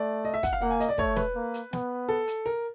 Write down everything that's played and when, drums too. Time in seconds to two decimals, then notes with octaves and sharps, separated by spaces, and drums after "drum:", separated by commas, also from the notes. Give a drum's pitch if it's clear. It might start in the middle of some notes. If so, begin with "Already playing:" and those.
Already playing: A3 D5
0.25 D#5
0.34 E5
0.43 F#5, drum: kick, hi-hat
0.53 F5
0.62 A#3 F#5
0.71 G#5
0.80 D#5, drum: hi-hat
0.89 D5
0.98 A3 C#5, drum: kick
1.16 B4, drum: snare
1.35 A#3
1.54 drum: hi-hat
1.73 B3, drum: snare
2.09 A4
2.28 drum: hi-hat
2.46 A#4